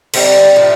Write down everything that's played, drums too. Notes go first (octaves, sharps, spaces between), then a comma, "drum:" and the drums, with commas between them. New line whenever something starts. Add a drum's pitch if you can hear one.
D3 G3 C4 D#4, drum: cymbal
A2 F3 A3